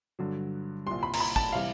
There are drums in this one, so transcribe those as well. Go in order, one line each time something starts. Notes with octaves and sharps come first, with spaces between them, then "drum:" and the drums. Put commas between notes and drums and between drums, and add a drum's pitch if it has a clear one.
G2 D3 F#3
C2 A#2 G3 C6
B5
A#5, drum: cymbal
B5
A5, drum: kick
C3 E3 G3 F5